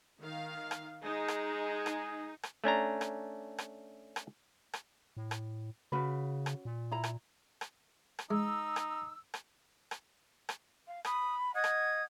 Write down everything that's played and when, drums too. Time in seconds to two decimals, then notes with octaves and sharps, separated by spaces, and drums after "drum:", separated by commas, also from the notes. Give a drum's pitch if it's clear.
0.21 D#3 F5
0.71 drum: rim click
1.03 G#3 D#4 G#4
1.28 drum: rim click
1.86 drum: rim click
2.43 drum: rim click
2.64 A3 C#4 D4 A#5
3.01 drum: rim click
3.58 drum: rim click
4.16 drum: rim click
4.74 drum: rim click
5.17 A2
5.31 drum: rim click
5.92 C#3 C#4 F#4 B4
6.46 drum: rim click
6.65 A#2
6.92 E4 A#5
7.04 drum: rim click
7.61 drum: rim click
8.19 drum: rim click
8.31 G#3 D#4 E6
8.76 drum: rim click
9.34 drum: rim click
9.91 drum: rim click
10.49 drum: rim click
10.87 F5
11.05 B5 D#6, drum: rim click
11.54 D#5 F#5 D#6 G#6
11.64 drum: rim click